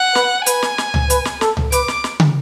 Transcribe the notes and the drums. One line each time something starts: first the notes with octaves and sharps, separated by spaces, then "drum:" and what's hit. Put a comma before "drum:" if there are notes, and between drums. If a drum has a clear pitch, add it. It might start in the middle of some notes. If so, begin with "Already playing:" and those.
Already playing: F#5
B4, drum: snare
B4 G#5, drum: hi-hat
drum: snare
drum: snare
drum: tom C#2
B4, drum: hi-hat
drum: snare
A4, drum: snare
drum: tom C#2
B4 D6, drum: hi-hat
drum: snare
drum: snare
drum: tom